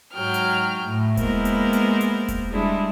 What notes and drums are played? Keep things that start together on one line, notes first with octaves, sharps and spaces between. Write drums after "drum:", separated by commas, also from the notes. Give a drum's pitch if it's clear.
G#2 F#3 G5 F6
drum: hi-hat
A2
G#3 A#3 B3 E4 A#4 C5, drum: kick E1, hi-hat
drum: hi-hat
drum: hi-hat
drum: hi-hat
drum: kick E1, hi-hat
G3 G#3 D4 E4